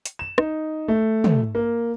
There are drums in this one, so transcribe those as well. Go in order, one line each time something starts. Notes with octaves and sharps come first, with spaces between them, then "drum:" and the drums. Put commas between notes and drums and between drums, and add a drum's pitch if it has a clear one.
drum: hi-hat
E7
D#4, drum: rim click
A3
drum: tom
A#3